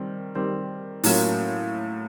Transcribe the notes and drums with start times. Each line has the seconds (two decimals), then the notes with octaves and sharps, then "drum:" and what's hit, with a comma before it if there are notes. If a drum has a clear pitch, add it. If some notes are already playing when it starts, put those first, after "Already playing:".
Already playing: D#3 G3 C4
0.35 D#3 G3 C4
1.04 A2 F#3 A#3 C#4 F4, drum: open hi-hat